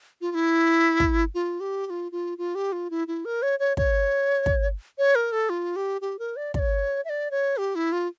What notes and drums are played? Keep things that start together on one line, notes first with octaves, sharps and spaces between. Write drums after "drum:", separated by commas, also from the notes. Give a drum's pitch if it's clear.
F4
F4
E4
drum: kick
F4
G4
G4
F4
F4
F4
G4
F4
E4
E4
A#4
C#5
C#5
C#5, drum: kick
drum: kick
C#5
A#4
A4
F4
G4
G4
A#4
D5
D5, drum: kick
C#5
E5
D5
C#5
G4
E4
F4